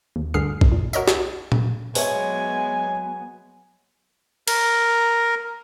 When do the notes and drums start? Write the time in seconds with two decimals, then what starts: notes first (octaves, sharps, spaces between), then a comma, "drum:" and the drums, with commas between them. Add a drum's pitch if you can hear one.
0.16 D#2
0.34 D2 G2 D3 G#4 F6 C7
0.61 drum: kick A#1
0.72 A#2
0.93 F#4 A#4 C#5 D#5 E5, drum: tambourine
1.08 drum: snare
1.52 drum: tom A#2
1.95 F#3 G#3 B3 B4 C#5 E5 G#5, drum: open hi-hat
4.48 A#4, drum: cymbal